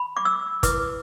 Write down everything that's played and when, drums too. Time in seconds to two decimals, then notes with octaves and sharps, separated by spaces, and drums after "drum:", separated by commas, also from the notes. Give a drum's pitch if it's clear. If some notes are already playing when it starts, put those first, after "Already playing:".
Already playing: B5
0.17 D6
0.25 E6
0.63 E4 B4 D6, drum: kick, hi-hat